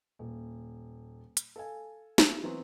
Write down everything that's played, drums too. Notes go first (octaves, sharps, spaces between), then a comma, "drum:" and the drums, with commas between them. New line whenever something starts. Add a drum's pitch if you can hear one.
D#1
drum: hi-hat
A4 F5 G#5
drum: snare
E3 F#3 B3 C4 F#4